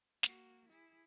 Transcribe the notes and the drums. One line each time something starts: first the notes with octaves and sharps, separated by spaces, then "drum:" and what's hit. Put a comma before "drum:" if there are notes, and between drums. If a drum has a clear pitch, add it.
A#3 F#4, drum: snare
E4 G#4